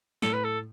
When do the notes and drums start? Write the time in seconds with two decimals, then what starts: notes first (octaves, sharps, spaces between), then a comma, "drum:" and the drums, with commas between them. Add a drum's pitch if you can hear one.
0.22 A2 A4, drum: snare
0.34 B4
0.45 A4